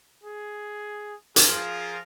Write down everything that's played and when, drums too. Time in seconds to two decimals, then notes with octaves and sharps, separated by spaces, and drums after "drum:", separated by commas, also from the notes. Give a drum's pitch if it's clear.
0.23 G#4
1.36 F3 F4 G#4 A#4, drum: hi-hat